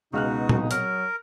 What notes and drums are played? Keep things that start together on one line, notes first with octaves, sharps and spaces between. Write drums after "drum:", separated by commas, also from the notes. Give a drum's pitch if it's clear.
C#2 B2 D#4 F#4 F6 F#6
drum: tom A#2
F#3 A#4 F6, drum: hi-hat